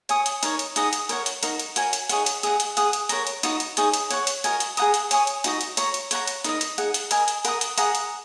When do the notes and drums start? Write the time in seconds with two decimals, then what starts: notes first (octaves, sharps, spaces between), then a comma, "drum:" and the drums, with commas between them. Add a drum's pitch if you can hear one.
0.09 C#5 G#5 D#6, drum: hi-hat
0.26 drum: hi-hat
0.43 D#4 A#4 C#5, drum: hi-hat
0.59 drum: hi-hat
0.76 D#4 G#4 D#5 F#5, drum: hi-hat
0.93 drum: hi-hat
1.09 A#4 C#5 F#5, drum: hi-hat
1.26 drum: hi-hat
1.43 D#4 F#4 A#4, drum: hi-hat
1.60 drum: hi-hat
1.76 F#4 A#4 C#5 G#5, drum: hi-hat
1.93 drum: hi-hat
2.09 D#4 G#4 C#5 F#5, drum: hi-hat
2.26 drum: hi-hat
2.43 G#4 D#5 F#5, drum: hi-hat
2.60 drum: hi-hat
2.77 G#4 F#5 D#6, drum: hi-hat
2.93 drum: hi-hat
3.09 A#4 C#5 F#5 A#5, drum: hi-hat
3.27 drum: hi-hat
3.43 D#4 F#4 D#5, drum: hi-hat
3.60 drum: hi-hat
3.77 D#4 G#4 C#5, drum: hi-hat
3.94 drum: hi-hat
4.11 C#5 F#5 C#6, drum: hi-hat
4.27 drum: hi-hat
4.44 F#4 A#4 D#5 G#5, drum: hi-hat
4.60 drum: hi-hat
4.77 G#4 F#5 A#5 D#6, drum: hi-hat
4.94 drum: hi-hat
5.11 C#5 G#5 D#6, drum: hi-hat
5.27 drum: hi-hat
5.44 D#4 F#4 D#5, drum: hi-hat
5.61 drum: hi-hat
5.77 C#5 A#5 C#6, drum: hi-hat
5.94 drum: hi-hat
6.11 C#5 F#5 A#5, drum: hi-hat
6.28 drum: hi-hat
6.44 D#4 A#4 D#5, drum: hi-hat
6.61 drum: hi-hat
6.78 D#4 G#4 F#5, drum: hi-hat
6.94 drum: hi-hat
7.11 A#4 D#5 G#5 D#6, drum: hi-hat
7.28 drum: hi-hat
7.45 A#4 F#5 A#5 D#6, drum: hi-hat
7.61 drum: hi-hat
7.78 G#4 F#5 A#5 D#6, drum: hi-hat
7.95 drum: hi-hat